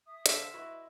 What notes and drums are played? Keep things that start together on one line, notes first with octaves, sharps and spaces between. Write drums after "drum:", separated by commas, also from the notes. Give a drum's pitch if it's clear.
E5 D#6
D3 D4 G#4 B4 E5 E6, drum: hi-hat
C5 F5 F6
E4 F#4 B4 D#5 C6